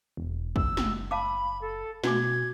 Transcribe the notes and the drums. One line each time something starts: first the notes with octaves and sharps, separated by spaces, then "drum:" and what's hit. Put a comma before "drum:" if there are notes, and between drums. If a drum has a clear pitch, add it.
E1
F#1 E6, drum: kick
drum: snare
F5 A5 B5 D6
A4
B2 F#4 G#5 D6 G#6, drum: snare